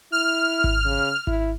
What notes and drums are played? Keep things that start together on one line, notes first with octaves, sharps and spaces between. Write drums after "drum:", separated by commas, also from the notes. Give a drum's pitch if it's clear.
E4 F6
drum: kick G#1
C#3
E4, drum: kick G#1